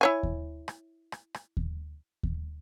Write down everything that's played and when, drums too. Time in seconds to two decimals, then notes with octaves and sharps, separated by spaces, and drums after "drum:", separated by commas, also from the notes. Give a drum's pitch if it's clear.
0.01 E4 C#5 G#5
0.23 drum: kick D#2
0.68 drum: rim click
1.12 drum: rim click
1.34 drum: rim click
1.57 drum: kick D#2
2.23 drum: kick D#2